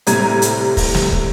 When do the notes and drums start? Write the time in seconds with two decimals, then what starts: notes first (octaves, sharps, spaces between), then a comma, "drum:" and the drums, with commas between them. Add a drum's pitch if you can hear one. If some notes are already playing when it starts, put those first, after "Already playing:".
0.07 A2 C3 G3 A#5 G#6 D#7, drum: hi-hat
0.42 drum: hi-hat
0.77 drum: kick, open hi-hat
0.95 drum: snare
1.12 drum: kick